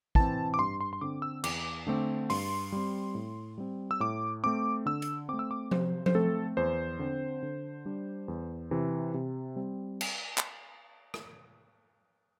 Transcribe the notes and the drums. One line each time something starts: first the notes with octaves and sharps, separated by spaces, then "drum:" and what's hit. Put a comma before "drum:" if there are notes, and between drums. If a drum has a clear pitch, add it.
E3 C4 A5, drum: kick
D6
G2 C6
C6
C6
D3 C4 D6
E6
E2 D6, drum: cymbal
D3 A3 C4
G2 C6, drum: open hi-hat
G3 C4
A2
G3 C4
E6
A2 D6
A3 C4 D6
D3 E6
drum: hi-hat
A3 C4 D6
E6
D6
C3 C5, drum: tom F3
C5, drum: tom F3
A3 C4 A4
E2 C5
D3 C4
D3
G3 D4
E2
C3 E3
C3
G3 C4
drum: cymbal
drum: clap
drum: rim click